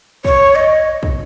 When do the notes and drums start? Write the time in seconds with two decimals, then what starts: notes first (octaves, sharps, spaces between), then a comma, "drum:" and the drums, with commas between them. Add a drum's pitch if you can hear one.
0.25 C#5, drum: kick
0.55 D#5
1.03 drum: kick